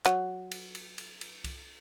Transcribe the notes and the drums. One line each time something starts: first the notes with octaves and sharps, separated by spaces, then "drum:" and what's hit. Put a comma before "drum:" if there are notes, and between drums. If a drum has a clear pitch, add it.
F#3, drum: clap
drum: cymbal
drum: cymbal
drum: cymbal
drum: cymbal
drum: kick C2, cymbal